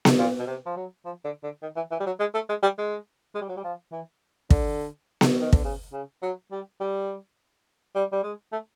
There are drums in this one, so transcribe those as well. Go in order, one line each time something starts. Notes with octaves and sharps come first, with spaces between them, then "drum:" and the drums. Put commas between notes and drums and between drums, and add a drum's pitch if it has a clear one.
drum: snare B3
A#2
B2
C3
F3
F#3
F3
D3
D3
D#3
E3
E3
G3
F#3
G#3
A3
G#3
G3
G#3
G#3
G3
F#3
G3
F3
E3
D3, drum: kick
drum: snare B3
D#3
D3, drum: kick
C#3
C#3
F#3
G3
G3
G3
G3
G#3
A3